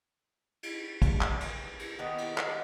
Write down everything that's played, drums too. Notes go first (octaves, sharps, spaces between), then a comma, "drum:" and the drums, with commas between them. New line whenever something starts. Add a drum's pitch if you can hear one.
drum: cymbal
drum: kick, cymbal
drum: clap
drum: cymbal
drum: cymbal
D#3 B3 G4 D#5
drum: cymbal
drum: clap